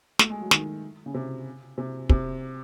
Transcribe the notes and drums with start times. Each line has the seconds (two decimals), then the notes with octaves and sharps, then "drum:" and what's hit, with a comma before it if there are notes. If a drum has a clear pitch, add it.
0.19 A3, drum: snare
0.30 G#3
0.41 F#3
0.51 D#3, drum: snare
1.06 C#3
1.14 C3
1.78 C3
2.09 C3, drum: kick